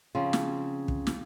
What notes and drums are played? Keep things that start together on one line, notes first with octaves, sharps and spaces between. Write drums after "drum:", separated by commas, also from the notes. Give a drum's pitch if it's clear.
C#3 F3 C4 F4
drum: snare
drum: kick
drum: snare